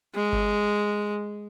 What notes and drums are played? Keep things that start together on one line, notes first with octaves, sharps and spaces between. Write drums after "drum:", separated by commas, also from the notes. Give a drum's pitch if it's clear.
G#3
drum: kick G1